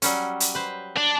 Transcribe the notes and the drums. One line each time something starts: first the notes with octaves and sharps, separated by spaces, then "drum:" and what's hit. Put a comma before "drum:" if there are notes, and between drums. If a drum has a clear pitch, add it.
F#3 G3 C#4, drum: hi-hat
drum: hi-hat
B4 C5
D4